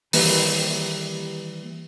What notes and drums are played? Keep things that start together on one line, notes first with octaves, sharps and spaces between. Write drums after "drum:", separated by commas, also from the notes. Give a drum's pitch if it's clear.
D#3 E3 G3 A#3 G4 B4, drum: open hi-hat